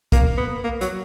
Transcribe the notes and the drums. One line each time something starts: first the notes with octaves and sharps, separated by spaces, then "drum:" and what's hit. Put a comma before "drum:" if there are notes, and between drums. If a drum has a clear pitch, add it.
A#3, drum: kick, hi-hat
B3
A#3
F#3, drum: hi-hat